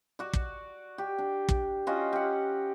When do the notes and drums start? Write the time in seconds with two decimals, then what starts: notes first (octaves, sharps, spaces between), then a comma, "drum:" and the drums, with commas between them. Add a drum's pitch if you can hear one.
0.19 F#4 D5
0.33 drum: kick
0.98 G4
1.18 D4
1.49 drum: kick
1.87 C#4 F4 F#4 D#5
2.13 G4 F#5